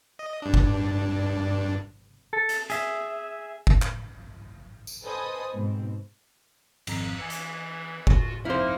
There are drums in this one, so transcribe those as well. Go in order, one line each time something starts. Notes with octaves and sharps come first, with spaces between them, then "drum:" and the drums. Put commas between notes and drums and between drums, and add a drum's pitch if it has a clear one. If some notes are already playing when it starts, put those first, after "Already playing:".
D#5
G2 D4
drum: kick F#1
A4
drum: hi-hat
G#4 E5, drum: hi-hat
drum: kick F#1
drum: clap
drum: tambourine
A4 B4 C5 D#5 G#5 D#6
G#2 B2 C4
G#1 F2 A#5, drum: cymbal
E3 G#5 E6 C#7
drum: hi-hat
F4 F#4, drum: kick F#1
F2 A#3 D#4 E4 C5 F6